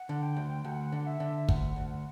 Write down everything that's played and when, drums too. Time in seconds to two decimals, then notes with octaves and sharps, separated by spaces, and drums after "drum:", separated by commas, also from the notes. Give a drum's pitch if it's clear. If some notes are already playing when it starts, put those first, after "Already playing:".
Already playing: F#5
0.09 D3
0.23 G5
0.37 D2
0.65 D2 F#5
0.92 D3
1.07 E5
1.20 D3
1.49 D2 F#5, drum: kick
1.76 D2
1.90 F#5